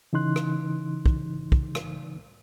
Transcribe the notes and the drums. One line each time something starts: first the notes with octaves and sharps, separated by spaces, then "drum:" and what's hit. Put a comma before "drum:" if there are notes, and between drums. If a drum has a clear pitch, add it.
C#3 E3 D#4 C6 F#6
drum: rim click
drum: kick
drum: kick
drum: rim click